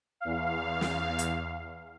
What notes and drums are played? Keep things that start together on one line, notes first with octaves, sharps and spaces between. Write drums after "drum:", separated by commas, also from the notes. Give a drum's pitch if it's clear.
E2 F5
drum: snare
drum: hi-hat